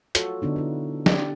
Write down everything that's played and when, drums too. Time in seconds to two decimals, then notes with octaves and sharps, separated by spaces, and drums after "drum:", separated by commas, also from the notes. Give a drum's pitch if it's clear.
0.15 F4 F#4 A4 C#5, drum: hi-hat
0.42 D3 B3 D4 D#4
0.56 D4 E4
1.06 D4 G4 D5, drum: snare